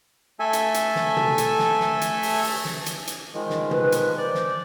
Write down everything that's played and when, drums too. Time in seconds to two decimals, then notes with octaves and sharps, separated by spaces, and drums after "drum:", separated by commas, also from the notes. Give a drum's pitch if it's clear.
0.40 A3 A4 E5 G#5
0.53 drum: hi-hat
0.74 drum: hi-hat
0.95 drum: snare
1.17 drum: tom
1.38 drum: hi-hat
1.59 drum: snare
1.80 drum: snare
2.01 drum: hi-hat
2.23 drum: open hi-hat
2.44 drum: open hi-hat
2.65 drum: snare
2.86 drum: hi-hat
3.07 drum: hi-hat
3.34 D#3 F3 G#3
3.50 drum: snare
3.71 B4, drum: tom
3.92 drum: hi-hat
4.18 C5 D5
4.35 drum: snare